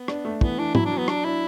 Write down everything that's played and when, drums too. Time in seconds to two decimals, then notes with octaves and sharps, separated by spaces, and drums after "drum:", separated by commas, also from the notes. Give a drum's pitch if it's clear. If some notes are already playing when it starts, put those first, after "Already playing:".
Already playing: B3
0.08 D4, drum: rim click
0.25 A3
0.41 E3 B3, drum: kick
0.58 E3 D4
0.75 F#3 E4, drum: tom
0.85 D4
0.91 F#3
0.97 B3
1.08 D4 D5, drum: rim click
1.24 D4 E4